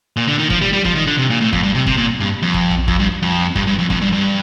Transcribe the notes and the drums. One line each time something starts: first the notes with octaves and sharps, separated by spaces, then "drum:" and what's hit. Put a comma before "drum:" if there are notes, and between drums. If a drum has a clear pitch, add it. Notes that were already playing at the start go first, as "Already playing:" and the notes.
A#2
D3
D#3
F3, drum: kick
G3
G3
F3, drum: kick
D#3
D3
C3
A#2
A2
F2, drum: kick
G2
C3
C3, drum: kick
A#2
G2
F2
drum: kick
drum: tom A#1
F2, drum: kick
G2
F2
G2, drum: kick
G2
F2
F2, drum: kick
G2
G2